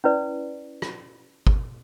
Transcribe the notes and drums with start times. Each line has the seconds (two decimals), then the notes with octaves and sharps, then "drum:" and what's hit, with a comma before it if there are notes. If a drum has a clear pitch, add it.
0.04 C#4 E4 B4 D5
0.82 drum: rim click
1.47 drum: kick